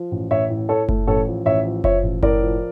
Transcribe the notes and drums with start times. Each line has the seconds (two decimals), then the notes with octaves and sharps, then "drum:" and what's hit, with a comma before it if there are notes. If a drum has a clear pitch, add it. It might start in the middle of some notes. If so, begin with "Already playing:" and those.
Already playing: F3
0.12 A1
0.31 A1 C#5 E5
0.50 A2
0.69 A2 A4 C#5
0.89 A3, drum: kick F#1
1.07 A1 A4 C#5
1.27 F3
1.46 A1 C#5 E5
1.65 F3
1.84 F3 C#5 E5, drum: kick F#1
2.03 A1
2.23 A2 A#4 D5, drum: kick F#1
2.42 F3